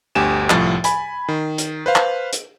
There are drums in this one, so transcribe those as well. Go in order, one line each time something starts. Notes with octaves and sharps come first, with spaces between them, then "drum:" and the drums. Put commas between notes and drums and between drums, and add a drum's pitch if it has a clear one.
G1 D2 G4 G#5 E7
C2 A2 F3 A6, drum: clap
G#5 B5, drum: hi-hat
D#3
drum: hi-hat
B4 C5 F5
drum: clap
drum: hi-hat